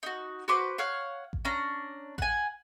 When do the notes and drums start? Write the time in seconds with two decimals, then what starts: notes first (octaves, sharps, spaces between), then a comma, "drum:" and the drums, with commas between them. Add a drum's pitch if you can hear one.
0.03 D#4 F#4
0.48 F#4 B4 C5 D6
0.78 C#5 F5 F#5
1.33 drum: kick A1
1.45 C#4 D4 A#5
2.18 F#5 G#5, drum: kick A1